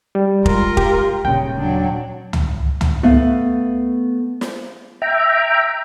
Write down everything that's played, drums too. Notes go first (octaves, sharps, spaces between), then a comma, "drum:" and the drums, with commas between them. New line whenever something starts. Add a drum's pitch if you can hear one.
G3
G#3 F4 A#4, drum: kick F1
G4, drum: kick F1
D#1 C#3 G5
F#3 D4
drum: tom C#2
drum: tom C#2
A3 B3 E5 F5
drum: snare
E5 G5 A#5